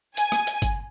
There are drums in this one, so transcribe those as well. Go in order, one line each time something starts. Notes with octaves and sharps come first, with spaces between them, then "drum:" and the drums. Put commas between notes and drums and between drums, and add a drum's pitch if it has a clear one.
G#5, drum: hi-hat
drum: rim click
drum: hi-hat
drum: kick G1, hi-hat